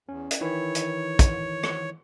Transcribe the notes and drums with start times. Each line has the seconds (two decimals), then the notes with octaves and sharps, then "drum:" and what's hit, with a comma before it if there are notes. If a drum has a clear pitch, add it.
0.09 E2 C#4
0.31 drum: hi-hat
0.41 D#3 E3 E4 C#5
0.75 drum: hi-hat
1.19 drum: kick, hi-hat
1.63 drum: rim click